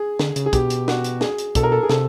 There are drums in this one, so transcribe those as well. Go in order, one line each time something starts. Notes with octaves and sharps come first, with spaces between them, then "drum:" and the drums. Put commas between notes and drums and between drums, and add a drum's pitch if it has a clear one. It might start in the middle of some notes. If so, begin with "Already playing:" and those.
Already playing: G#4
D3, drum: snare
C#3, drum: hi-hat
G#4
B2 G4, drum: kick, hi-hat
drum: hi-hat
F#4, drum: snare
drum: hi-hat
G#4, drum: snare
drum: hi-hat
B2 A4, drum: kick, hi-hat
A#4
A4
G#4
C3 A4, drum: snare